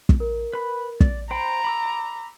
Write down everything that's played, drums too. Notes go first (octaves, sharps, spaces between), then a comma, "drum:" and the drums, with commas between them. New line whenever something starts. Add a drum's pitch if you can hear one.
drum: kick
A#4
B4 B5
D5, drum: kick
C5 G5 A#5 B5 D7
B5 D6 E6